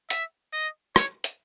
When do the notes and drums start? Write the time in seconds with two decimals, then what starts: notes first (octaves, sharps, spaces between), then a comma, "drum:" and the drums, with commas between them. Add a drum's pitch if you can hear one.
0.10 E5, drum: hi-hat
0.53 D#5
0.96 C#5, drum: rim click
1.24 drum: hi-hat